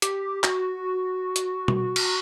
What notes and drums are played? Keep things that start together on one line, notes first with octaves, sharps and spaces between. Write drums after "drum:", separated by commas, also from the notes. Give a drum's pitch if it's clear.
G4, drum: hi-hat
F#4, drum: clap
drum: hi-hat
drum: tom B2
drum: cymbal